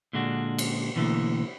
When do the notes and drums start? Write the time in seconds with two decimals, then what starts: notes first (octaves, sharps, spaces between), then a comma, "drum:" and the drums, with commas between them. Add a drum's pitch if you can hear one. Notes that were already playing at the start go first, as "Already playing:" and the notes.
0.13 A#2 D3 G#3 D4 F#4
0.58 drum: cymbal
0.96 B2 D3 E3 G3 A3 A#3